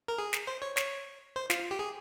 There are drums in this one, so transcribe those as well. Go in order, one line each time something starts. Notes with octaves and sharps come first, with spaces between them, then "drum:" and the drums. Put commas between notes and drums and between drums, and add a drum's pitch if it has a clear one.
A#4
G#4
drum: snare
C5
C#5
C#5, drum: snare
C5
F4, drum: snare
G4
G#4